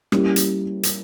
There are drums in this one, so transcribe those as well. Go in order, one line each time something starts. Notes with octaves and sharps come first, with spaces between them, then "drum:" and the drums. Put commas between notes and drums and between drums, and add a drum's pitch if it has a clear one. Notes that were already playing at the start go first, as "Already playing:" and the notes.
G3 A#3 C#4 E4 G4, drum: rim click
drum: hi-hat
drum: hi-hat